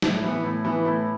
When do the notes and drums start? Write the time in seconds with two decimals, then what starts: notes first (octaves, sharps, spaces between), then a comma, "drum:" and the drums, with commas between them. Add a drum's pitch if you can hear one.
0.02 A2, drum: snare
0.24 E3 B3
0.44 A2
0.65 E3 B3
0.85 A2